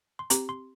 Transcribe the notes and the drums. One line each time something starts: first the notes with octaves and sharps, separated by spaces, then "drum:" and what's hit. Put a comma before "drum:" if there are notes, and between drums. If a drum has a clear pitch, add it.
C6
C4 G4 A#5, drum: hi-hat
C6